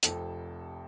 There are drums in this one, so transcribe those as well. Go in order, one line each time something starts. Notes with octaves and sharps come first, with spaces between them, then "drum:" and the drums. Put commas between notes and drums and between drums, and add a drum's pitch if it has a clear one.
F1 F2 C3 A4, drum: hi-hat